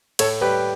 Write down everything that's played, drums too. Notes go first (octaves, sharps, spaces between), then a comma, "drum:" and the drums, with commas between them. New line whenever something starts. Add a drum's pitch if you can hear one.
A2 A4 C#5, drum: cymbal
G3 G4 B4